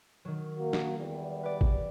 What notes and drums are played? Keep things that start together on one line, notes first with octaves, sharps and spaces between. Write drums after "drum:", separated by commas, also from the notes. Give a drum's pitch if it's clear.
D#3 F#3
A#3 F#4
drum: snare
E2 G3
B4 D5
drum: kick